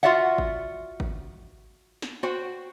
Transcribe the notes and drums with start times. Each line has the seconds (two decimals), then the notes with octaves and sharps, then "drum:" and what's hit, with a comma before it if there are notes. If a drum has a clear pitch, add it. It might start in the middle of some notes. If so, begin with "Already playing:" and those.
0.03 F4 F#4 D5 E5 F#5
0.38 drum: kick G#1
1.00 drum: kick G#1
2.02 drum: snare
2.23 F#4 C5 G5